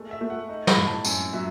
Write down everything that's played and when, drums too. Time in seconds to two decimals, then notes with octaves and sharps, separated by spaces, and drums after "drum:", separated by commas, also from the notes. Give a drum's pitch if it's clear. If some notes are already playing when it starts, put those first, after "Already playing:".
Already playing: G#3 A3
0.11 E5
0.21 A3
0.30 F#5
0.49 D#4
0.67 B5, drum: snare
0.77 A2
0.87 A5
1.05 F#2 G#5, drum: tambourine
1.33 F#3 E5